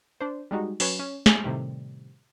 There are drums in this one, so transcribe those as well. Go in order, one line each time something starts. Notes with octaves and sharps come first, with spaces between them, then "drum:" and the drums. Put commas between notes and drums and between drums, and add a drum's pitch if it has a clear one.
D4 C5
G3 G#3 D#4 F#4
F#3 C#4 B4 C#5, drum: open hi-hat
C#4
G#5, drum: snare
A2 C3 D#3 G3